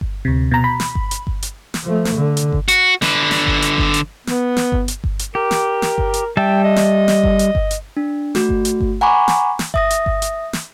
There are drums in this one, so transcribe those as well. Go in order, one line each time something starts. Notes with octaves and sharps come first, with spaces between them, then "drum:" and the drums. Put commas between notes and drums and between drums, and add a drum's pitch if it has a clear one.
drum: kick G1
D2 C3
B2 A#5
B5
drum: snare
drum: kick G1
drum: hi-hat
drum: kick G1
drum: hi-hat
drum: snare
F3 A3
drum: snare
D3
drum: hi-hat
drum: kick G1
F#4, drum: hi-hat
D3 B4, drum: snare
drum: snare
drum: kick G1
drum: hi-hat
drum: kick G1
drum: hi-hat
B3, drum: snare
drum: snare
drum: kick G1
drum: hi-hat
drum: kick G1
drum: hi-hat
G4 A#4
drum: snare
drum: snare
drum: kick G1
drum: hi-hat
G3 E5 G5 A5
D#5
drum: snare
drum: snare
drum: kick G1
drum: hi-hat
drum: kick G1
drum: hi-hat
D4
A3 F#4, drum: snare
drum: kick G1
drum: hi-hat
drum: kick G1
F#5 G#5 A#5 B5 C#6 D6
drum: snare
drum: snare
E5 D#6 A#6, drum: kick G1
drum: hi-hat
drum: kick G1
drum: hi-hat
drum: snare